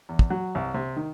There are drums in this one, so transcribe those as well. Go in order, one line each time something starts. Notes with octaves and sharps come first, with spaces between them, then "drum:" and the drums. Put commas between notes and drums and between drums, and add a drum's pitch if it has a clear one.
E2
drum: kick
F#3
C2
C3
D#3